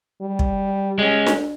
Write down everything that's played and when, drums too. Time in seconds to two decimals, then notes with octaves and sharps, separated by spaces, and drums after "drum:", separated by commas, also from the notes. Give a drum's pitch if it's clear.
0.22 G3
0.39 drum: kick
0.99 G#3 C#4
1.26 drum: snare D4